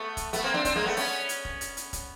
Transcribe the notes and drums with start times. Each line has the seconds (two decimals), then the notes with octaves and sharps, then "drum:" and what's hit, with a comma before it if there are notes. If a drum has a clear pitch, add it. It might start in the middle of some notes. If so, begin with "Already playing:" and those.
Already playing: A3 B3
0.17 drum: kick, hi-hat
0.33 A3 B3, drum: hi-hat
0.44 A#3 C4
0.54 C4 D4
0.65 C4 D4, drum: kick, hi-hat
0.76 G#3 A#3
0.86 A3 B3
0.97 B3 C#4, drum: open hi-hat
1.29 drum: hi-hat
1.45 drum: kick
1.61 drum: hi-hat
1.77 drum: hi-hat
1.93 drum: kick, hi-hat